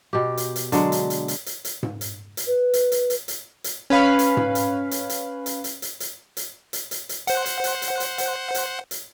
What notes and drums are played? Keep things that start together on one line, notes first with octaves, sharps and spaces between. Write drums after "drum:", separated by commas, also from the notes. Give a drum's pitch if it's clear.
B2 G4
drum: hi-hat
drum: hi-hat
D3 F#3 G#3, drum: hi-hat
drum: hi-hat
drum: hi-hat
drum: hi-hat
drum: hi-hat
drum: hi-hat
drum: tom G#2
drum: hi-hat
drum: hi-hat
B4
drum: hi-hat
drum: hi-hat
drum: hi-hat
drum: hi-hat
drum: hi-hat
C#4 B4 F5 B5
drum: hi-hat
drum: tom G#2
drum: hi-hat
drum: hi-hat
drum: hi-hat
drum: hi-hat
drum: hi-hat
drum: hi-hat
drum: hi-hat
drum: hi-hat
drum: hi-hat
drum: hi-hat
drum: hi-hat
C5 F#5, drum: hi-hat
drum: hi-hat
drum: hi-hat
drum: hi-hat
drum: hi-hat
drum: hi-hat
drum: hi-hat
drum: hi-hat